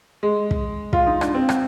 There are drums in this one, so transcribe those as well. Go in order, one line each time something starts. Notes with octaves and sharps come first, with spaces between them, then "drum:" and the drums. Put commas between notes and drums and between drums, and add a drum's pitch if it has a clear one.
G#3
drum: kick
F4, drum: kick
D#4
D4, drum: rim click
C4
drum: rim click